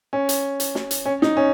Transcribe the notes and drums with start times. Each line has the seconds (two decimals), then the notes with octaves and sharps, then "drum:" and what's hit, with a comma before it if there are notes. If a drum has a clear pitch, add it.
0.13 C#4
0.29 drum: hi-hat
0.60 drum: hi-hat
0.75 drum: snare
0.91 drum: hi-hat
1.05 C#4
1.22 D#4, drum: snare
1.37 C#4